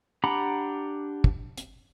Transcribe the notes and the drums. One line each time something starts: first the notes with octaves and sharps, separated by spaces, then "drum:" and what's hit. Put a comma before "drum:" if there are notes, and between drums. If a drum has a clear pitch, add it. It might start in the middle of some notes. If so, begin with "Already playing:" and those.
D4 G4 F#5 A#5 B5
drum: kick
drum: hi-hat